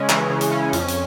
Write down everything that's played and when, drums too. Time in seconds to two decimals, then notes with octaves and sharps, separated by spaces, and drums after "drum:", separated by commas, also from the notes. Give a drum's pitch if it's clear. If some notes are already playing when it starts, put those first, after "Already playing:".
Already playing: C#3 G#3 C#4
0.10 E3, drum: clap
0.30 C#3
0.41 drum: hi-hat
0.52 C#4
0.73 F2, drum: hi-hat
0.88 drum: hi-hat